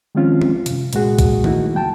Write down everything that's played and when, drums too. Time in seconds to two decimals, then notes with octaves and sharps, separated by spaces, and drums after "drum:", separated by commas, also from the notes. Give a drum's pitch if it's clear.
0.15 D#3 F3 G#3 C4 C#4 F4
0.42 drum: tom D#3
0.66 F#2 C3, drum: hi-hat
0.93 C2 A#2 G#3 F#4 G#4, drum: hi-hat
1.18 drum: kick, hi-hat
1.44 A3 A#3 D#4 E4 F#4, drum: tom D#3
1.74 C#2 F#3 G5 A5